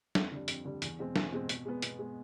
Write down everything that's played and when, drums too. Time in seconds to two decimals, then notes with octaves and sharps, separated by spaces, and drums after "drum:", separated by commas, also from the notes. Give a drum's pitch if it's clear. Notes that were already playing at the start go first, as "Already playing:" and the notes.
0.15 F2, drum: snare
0.31 D3 G3
0.48 F2, drum: hi-hat
0.65 D3 G3
0.82 E2, drum: hi-hat
0.99 B2 G#3 C4
1.16 E2, drum: snare
1.32 B2 G#3 C4
1.49 B2, drum: hi-hat
1.65 G#3 B3
1.82 B2, drum: hi-hat
1.99 G#3 B3